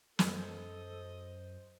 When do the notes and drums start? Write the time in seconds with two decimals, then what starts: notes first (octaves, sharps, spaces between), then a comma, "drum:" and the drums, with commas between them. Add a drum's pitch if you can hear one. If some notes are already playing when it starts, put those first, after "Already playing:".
0.19 F#2 A4 C5 D#5, drum: snare